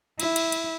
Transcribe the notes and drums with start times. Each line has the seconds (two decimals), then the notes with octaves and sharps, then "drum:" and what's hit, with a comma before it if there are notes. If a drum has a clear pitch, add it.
0.20 E4, drum: cymbal
0.36 drum: cymbal
0.52 drum: cymbal